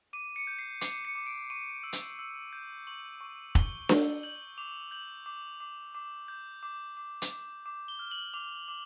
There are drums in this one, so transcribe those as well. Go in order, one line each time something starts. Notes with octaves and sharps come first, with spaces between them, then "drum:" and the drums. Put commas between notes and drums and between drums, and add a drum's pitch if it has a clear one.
D6 D#7
C#7
G6
C7
D6 C7, drum: hi-hat
C#7
D6
D7
C#6 D#7
E6
drum: hi-hat
E6
G6
C#6 F#7
C#6
E6 G7, drum: kick
E6, drum: snare D4
G6 F#7
D6 F7
G6 F#7
D6
D6
D6
G6
D6
D6
drum: hi-hat
D6
D6
G7
F6
F#7
D6 F7
D6